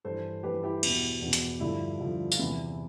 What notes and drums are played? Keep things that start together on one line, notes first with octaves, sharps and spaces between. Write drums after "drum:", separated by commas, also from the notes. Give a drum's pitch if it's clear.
G2 E3 A4 C5
G2 E3 G4 B4
E4 G4
E2 B2, drum: cymbal
E2 B2
drum: hi-hat
G2 D3 F3 E4
G2 D3 F3
F4, drum: tambourine
E2 C3 E3 E4